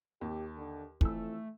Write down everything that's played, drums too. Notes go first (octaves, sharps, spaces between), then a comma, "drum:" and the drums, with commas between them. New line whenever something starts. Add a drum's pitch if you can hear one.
D#2 G4
D3
F2 E3 A3 E6, drum: kick